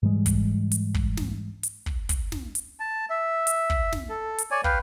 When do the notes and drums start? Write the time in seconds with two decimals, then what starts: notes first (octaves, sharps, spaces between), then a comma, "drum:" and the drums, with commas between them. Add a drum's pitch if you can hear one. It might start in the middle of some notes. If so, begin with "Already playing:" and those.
0.03 G#2 E3 G3 G#3
0.26 drum: kick, hi-hat
0.72 drum: hi-hat
0.94 drum: kick
1.17 drum: snare
1.63 drum: hi-hat
1.86 drum: kick
2.09 drum: kick, hi-hat
2.32 drum: snare
2.55 drum: hi-hat
2.80 A5
3.10 E5
3.47 drum: hi-hat
3.70 drum: kick
3.93 drum: snare
4.09 A4
4.38 drum: hi-hat
4.51 C#5 D5 G#5
4.64 B4 F5 G5, drum: kick